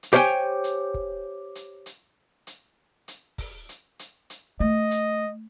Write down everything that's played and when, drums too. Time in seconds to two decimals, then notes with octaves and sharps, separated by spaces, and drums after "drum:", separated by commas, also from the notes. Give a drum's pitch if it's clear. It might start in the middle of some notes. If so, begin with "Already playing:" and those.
0.03 drum: hi-hat
0.13 G4 C5 C#5 F5 G5 G#5
0.64 drum: hi-hat
0.94 drum: kick
1.55 drum: hi-hat
1.86 drum: hi-hat
2.47 drum: hi-hat
3.08 drum: hi-hat
3.38 drum: kick, open hi-hat
3.69 drum: hi-hat
3.99 drum: hi-hat
4.30 drum: hi-hat
4.60 A3 D#5
4.91 drum: hi-hat